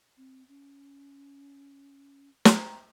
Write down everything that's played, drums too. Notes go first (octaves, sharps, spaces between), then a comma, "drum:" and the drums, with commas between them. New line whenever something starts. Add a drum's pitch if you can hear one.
C4
C#4
G5 A#5, drum: snare